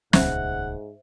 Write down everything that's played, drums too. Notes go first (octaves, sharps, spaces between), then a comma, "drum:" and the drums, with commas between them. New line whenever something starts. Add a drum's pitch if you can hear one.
D#1 C#2 G#2 C5 E5 F#5, drum: snare